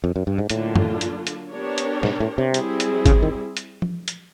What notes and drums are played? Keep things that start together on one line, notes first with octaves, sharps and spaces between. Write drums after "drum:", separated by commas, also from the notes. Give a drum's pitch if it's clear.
F2
F#2
G2
G#2
A2 D3 F#3 A#3 D4 F4, drum: hi-hat
drum: tom
drum: hi-hat
drum: hi-hat
B3 D4 G4 A#4 C#5
drum: hi-hat
G#2, drum: snare
A2
C3
G3 C4 E4 G#4, drum: hi-hat
drum: hi-hat
C#3, drum: kick G#1, hi-hat
D#3
drum: hi-hat
drum: tom F3
drum: hi-hat